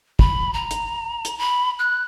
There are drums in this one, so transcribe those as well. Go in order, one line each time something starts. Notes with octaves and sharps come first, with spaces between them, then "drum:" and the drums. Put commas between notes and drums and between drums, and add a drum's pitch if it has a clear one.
B5, drum: kick
A#5
drum: hi-hat
drum: hi-hat
B5
F#6